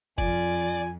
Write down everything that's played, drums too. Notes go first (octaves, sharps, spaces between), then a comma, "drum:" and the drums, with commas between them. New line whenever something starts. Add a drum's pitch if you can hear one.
F2 F4 D5 G#5, drum: kick